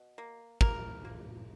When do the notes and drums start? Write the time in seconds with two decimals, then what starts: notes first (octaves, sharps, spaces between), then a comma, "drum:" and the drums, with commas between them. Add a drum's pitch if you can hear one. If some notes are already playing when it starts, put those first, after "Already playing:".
Already playing: B2
0.18 A#3
0.61 A#3 A#4, drum: kick
1.05 A#3